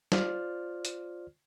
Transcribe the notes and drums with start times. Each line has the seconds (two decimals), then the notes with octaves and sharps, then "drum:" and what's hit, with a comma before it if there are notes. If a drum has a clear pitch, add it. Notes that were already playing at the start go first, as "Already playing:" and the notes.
0.12 F4 C5 D5 F6, drum: snare
0.85 drum: hi-hat